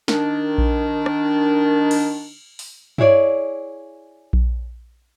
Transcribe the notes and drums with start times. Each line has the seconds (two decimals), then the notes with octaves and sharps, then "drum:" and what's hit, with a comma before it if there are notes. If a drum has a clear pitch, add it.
0.08 D#3 D4, drum: snare
0.58 drum: kick A#1
1.06 drum: rim click
1.91 drum: cymbal
2.59 drum: open hi-hat
2.98 E4 G#4 C#5 D5, drum: tom G2
4.33 drum: kick A#1